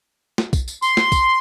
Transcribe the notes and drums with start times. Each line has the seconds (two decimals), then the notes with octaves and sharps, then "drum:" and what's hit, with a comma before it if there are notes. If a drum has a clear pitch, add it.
0.38 drum: snare
0.53 drum: kick, tambourine
0.68 drum: tambourine
0.82 C6, drum: tambourine
0.97 drum: snare
1.12 drum: kick, tambourine